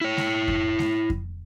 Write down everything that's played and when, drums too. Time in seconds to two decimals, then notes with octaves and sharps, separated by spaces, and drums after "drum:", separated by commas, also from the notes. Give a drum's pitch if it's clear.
0.01 E4 C#5
0.17 drum: snare G#3
0.48 drum: kick F2
0.79 drum: snare G#3
1.10 drum: kick F2